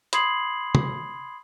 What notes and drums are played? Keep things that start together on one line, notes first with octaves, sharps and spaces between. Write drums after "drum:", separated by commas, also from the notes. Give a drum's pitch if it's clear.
B5 C6 D#6 G#6 C7 F#7, drum: hi-hat
drum: tom